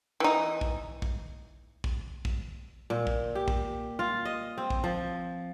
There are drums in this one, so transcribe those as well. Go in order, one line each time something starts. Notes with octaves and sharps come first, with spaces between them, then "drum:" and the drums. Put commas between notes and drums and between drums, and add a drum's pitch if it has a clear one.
E3 D#4
drum: kick A#1
drum: kick A#1
drum: kick A#1
drum: kick A#1
A#2
drum: kick A#1
G4
drum: kick A#1
F4
D#5
C4
drum: kick A#1
F3